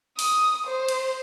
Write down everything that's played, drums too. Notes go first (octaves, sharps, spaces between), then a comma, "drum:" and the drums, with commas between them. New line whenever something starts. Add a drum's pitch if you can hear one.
D#6, drum: open hi-hat
C5
drum: cymbal